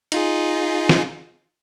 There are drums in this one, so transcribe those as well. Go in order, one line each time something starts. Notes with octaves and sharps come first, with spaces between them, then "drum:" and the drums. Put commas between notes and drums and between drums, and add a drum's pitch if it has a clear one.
D#4 F4 G#4, drum: hi-hat
drum: snare